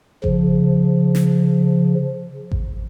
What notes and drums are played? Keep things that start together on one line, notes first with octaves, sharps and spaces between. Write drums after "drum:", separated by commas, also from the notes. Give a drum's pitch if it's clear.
C#3 F3, drum: kick G#1
drum: snare
drum: kick G#1